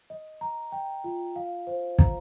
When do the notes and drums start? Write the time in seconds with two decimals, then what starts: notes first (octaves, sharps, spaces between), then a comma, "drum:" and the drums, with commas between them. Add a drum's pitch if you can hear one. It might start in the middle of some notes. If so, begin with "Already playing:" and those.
0.10 D#5
0.41 A#5
0.72 G5
1.04 F4
1.36 F5
1.67 C5
1.99 A#5, drum: kick